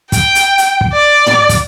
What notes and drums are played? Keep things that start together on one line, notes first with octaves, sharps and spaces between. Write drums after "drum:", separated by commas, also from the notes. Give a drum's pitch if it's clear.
G5, drum: kick, hi-hat
drum: hi-hat
drum: hi-hat
drum: kick
D5
drum: tom
drum: kick, hi-hat